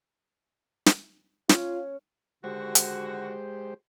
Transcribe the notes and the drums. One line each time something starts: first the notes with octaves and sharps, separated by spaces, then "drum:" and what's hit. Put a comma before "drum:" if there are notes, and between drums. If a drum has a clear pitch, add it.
drum: snare
C#4 F4, drum: snare
D3 D#3 G#3 F#4 G4 C5
drum: hi-hat